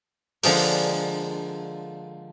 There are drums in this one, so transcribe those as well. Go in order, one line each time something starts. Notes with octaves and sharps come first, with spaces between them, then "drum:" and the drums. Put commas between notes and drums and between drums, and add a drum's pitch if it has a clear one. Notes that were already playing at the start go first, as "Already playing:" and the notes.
D3 F3 G#3 A#3, drum: open hi-hat